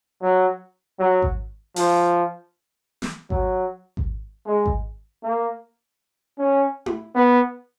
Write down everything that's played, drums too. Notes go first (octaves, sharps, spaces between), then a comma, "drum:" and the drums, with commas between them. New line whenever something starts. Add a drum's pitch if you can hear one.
F#3
F#3
drum: kick G#1
F3, drum: open hi-hat
drum: snare
F#3, drum: kick G#1
drum: kick G#1
G#3
drum: kick G#1
A#3
C#4
drum: tom E4
B3